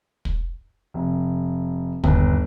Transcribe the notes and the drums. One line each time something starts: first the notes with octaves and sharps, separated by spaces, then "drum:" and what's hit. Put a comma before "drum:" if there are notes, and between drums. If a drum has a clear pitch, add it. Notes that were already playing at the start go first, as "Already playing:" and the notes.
drum: kick
F1
G1 D#2, drum: kick